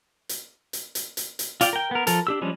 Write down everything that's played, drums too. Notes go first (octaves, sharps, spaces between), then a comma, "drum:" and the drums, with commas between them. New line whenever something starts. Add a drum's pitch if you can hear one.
drum: hi-hat
drum: hi-hat
drum: hi-hat
drum: hi-hat
drum: hi-hat
F4 D5 F5 G5, drum: hi-hat
A#4 G5
B3 A#4
F3 A4 A#4, drum: hi-hat
D4 G4 E6
F3 G3 G#3 C#4 D4